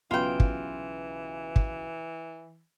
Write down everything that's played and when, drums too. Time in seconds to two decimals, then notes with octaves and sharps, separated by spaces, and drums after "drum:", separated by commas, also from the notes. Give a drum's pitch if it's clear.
0.11 B1 C#3 E3 F4 B4 G5
0.40 drum: kick
1.56 drum: kick